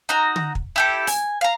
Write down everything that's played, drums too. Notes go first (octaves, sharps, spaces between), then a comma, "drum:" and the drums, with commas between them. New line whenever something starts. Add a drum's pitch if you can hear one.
D#4 F#4 A#5
drum: tom D3
drum: kick
E4 G4 A4
G#5, drum: open hi-hat
F5 A#5